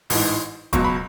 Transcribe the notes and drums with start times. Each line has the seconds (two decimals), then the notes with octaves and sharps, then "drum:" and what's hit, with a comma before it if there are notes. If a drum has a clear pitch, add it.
0.10 A1 G#2 E3, drum: open hi-hat
0.73 C#2 B2 F#3 C#6, drum: kick, hi-hat
0.84 B5